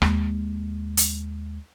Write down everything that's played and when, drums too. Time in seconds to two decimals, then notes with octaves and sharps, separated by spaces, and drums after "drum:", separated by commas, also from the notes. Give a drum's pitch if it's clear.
0.02 D#2 G#3, drum: rim click
0.97 drum: hi-hat